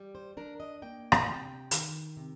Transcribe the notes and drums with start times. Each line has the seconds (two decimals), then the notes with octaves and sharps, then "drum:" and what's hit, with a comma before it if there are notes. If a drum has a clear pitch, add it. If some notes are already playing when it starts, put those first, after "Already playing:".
Already playing: G3
0.15 C5
0.37 D4 A#4
0.60 D#5
0.82 A#3 G5
1.12 drum: rim click
1.26 C3 G5
1.71 D#3, drum: hi-hat
2.17 C3